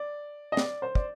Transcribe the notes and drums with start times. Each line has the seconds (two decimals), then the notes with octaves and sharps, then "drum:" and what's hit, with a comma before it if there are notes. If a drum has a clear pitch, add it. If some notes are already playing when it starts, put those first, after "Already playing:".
Already playing: D5
0.52 D#5
0.57 D5, drum: snare
0.82 C5
0.95 D5, drum: kick